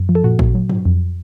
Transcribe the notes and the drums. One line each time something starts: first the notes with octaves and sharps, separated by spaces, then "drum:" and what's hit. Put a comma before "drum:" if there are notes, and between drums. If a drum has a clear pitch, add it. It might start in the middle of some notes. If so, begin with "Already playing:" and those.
Already playing: F#2
F3
A4
A#2 F#4
A#2, drum: kick
F#3
F#3, drum: tom G2
F2